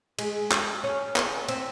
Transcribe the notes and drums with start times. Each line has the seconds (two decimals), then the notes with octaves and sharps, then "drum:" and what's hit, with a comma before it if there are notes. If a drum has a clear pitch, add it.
0.19 G#3, drum: cymbal
0.51 drum: clap
0.84 C#4
1.16 drum: clap
1.49 C4, drum: cymbal